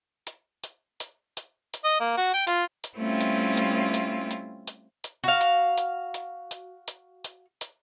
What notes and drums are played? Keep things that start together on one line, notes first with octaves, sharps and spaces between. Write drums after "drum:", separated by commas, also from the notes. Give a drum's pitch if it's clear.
drum: hi-hat
drum: hi-hat
drum: hi-hat
drum: hi-hat
drum: hi-hat
D#5
A#3
F#4
G5
F4, drum: hi-hat
drum: hi-hat
G3 A3 C4 C#4 E4 F4
drum: hi-hat
drum: hi-hat
drum: hi-hat
drum: hi-hat
drum: hi-hat
drum: hi-hat
F#4 F5
drum: hi-hat
drum: hi-hat
drum: hi-hat
drum: hi-hat
drum: hi-hat
drum: hi-hat
drum: hi-hat